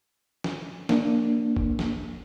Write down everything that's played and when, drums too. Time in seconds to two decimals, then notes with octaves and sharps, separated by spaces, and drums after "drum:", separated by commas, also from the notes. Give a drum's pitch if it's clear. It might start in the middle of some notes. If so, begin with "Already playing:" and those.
0.44 drum: snare
0.89 A#3 D4, drum: snare
1.56 drum: kick
1.79 drum: snare